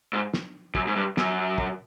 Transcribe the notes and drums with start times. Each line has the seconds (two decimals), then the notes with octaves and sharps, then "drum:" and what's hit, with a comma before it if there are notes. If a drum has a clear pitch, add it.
0.13 G#2
0.34 drum: snare
0.75 F#2, drum: kick
0.87 G#2
0.96 G2
1.17 F#2, drum: snare
1.58 drum: kick